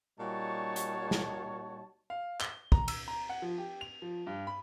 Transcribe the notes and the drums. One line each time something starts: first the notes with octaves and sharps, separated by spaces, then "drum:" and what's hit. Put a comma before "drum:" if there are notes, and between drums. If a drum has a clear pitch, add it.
A#2 G3 D#4 F#4 C#5 A5
drum: hi-hat
drum: snare
F5
G7, drum: clap
A#5, drum: kick
E6, drum: cymbal
A#5
F#5
F3
G4
F7
F3
G2
B5